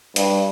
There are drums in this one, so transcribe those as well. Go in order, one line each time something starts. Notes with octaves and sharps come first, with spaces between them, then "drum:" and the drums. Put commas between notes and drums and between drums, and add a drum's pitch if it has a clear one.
G2, drum: hi-hat